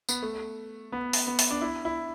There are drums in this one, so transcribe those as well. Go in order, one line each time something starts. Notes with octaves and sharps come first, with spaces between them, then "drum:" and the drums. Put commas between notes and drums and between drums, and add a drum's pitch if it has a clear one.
B3, drum: tambourine
A3
B3
drum: open hi-hat
B3
drum: open hi-hat
D4
E4
E4